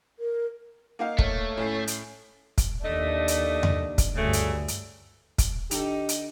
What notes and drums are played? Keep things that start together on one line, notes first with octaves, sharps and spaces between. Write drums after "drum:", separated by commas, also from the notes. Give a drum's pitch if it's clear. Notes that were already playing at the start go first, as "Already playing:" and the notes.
A#4
A#3 D#4 F5
A3 C#5, drum: kick
A2 C#4 C7
drum: hi-hat
drum: kick, hi-hat
D#2 A3 D4 D#5
drum: hi-hat
drum: tom E2
drum: kick, hi-hat
D2 G2 C#3 A3
drum: hi-hat
drum: hi-hat
drum: kick, hi-hat
D3 D#4 G4 A4 F7, drum: hi-hat
drum: hi-hat